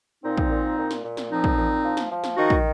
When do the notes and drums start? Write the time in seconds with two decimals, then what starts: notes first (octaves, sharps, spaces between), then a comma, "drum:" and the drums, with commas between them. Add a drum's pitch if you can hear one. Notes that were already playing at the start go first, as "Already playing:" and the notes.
0.24 A#2 C4 D#4
0.37 drum: kick
0.50 A#2
0.78 A#2
0.91 drum: snare
1.04 A#2
1.17 drum: snare
1.30 F3 C4 D#4
1.44 drum: kick
1.57 A#2
1.84 F3
1.97 drum: snare
2.10 F3
2.24 drum: snare
2.36 D#3 D#4 F#4
2.50 drum: kick